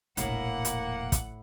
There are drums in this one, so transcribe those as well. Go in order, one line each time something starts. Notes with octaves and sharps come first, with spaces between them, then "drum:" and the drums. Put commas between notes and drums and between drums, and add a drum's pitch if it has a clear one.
E1 A#1 A2 A#3 E4 F#5, drum: hi-hat
drum: hi-hat
drum: kick, hi-hat